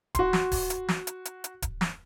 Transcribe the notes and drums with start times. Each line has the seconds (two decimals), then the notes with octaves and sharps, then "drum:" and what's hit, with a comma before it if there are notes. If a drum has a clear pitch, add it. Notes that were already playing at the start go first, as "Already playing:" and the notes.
0.15 F#4 C6, drum: kick D1, hi-hat
0.33 drum: snare
0.52 drum: kick D1, open hi-hat
0.70 drum: hi-hat
0.88 drum: snare
1.07 drum: hi-hat
1.25 drum: hi-hat
1.44 drum: hi-hat
1.62 drum: kick D1, hi-hat
1.81 drum: snare